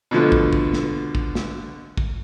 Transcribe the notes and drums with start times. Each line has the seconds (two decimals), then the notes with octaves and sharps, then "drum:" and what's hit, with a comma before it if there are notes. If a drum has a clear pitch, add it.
0.11 B2 D3 F3 A3
0.32 drum: kick
0.53 drum: kick
0.73 drum: snare
1.15 drum: kick
1.35 drum: snare
1.97 drum: kick